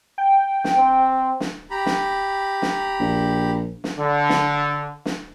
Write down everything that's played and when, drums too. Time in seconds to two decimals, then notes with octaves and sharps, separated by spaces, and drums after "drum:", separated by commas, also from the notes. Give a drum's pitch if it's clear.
0.18 G5
0.64 drum: snare
0.76 C4
1.40 drum: snare
1.71 G4 A#5 B5
1.86 drum: snare
2.62 drum: snare
3.00 A#1
3.84 drum: snare
3.98 D3
4.29 drum: snare
5.05 drum: snare